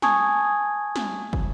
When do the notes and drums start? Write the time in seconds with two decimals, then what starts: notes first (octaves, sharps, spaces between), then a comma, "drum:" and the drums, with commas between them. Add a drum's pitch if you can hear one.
0.02 G#5 A5 C#6 D#6 G#6, drum: snare
0.96 drum: snare
1.33 drum: kick